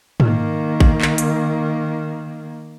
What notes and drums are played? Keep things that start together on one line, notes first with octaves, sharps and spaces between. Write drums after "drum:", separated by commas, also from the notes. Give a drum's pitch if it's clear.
D#3 A#3, drum: tom G#2
drum: kick A1
drum: clap
drum: hi-hat